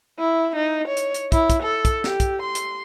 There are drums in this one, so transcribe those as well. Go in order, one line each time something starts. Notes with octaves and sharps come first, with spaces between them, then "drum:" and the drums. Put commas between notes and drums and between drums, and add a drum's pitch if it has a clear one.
E4
D#4
C#5
drum: hi-hat
drum: hi-hat
E4, drum: kick, hi-hat
drum: kick, hi-hat
A4
drum: kick, hi-hat
G4, drum: snare
drum: kick, hi-hat
C6
drum: hi-hat